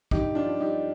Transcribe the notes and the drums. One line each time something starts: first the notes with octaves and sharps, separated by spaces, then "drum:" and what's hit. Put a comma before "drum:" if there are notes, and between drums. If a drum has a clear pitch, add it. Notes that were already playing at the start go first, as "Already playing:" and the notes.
G2 D#4 G4, drum: kick G#1
F3 D4 F4
G2 D#4 G4